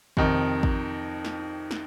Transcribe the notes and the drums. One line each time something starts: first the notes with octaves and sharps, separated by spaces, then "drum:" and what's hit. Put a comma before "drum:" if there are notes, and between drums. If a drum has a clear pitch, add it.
F2 C3 D#3, drum: kick
drum: kick
drum: snare
drum: snare